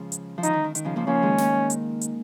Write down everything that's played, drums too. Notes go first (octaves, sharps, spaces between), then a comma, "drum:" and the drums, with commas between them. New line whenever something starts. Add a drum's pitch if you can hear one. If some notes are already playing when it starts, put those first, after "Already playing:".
Already playing: C#3 F3 G#3
drum: hi-hat
F3
D#3 D#4, drum: hi-hat
D#3
D#3
D#3, drum: hi-hat
C#3 F3
F3 A#3
F3 A#3 C#4
D#3 G#3
drum: snare
drum: hi-hat
drum: hi-hat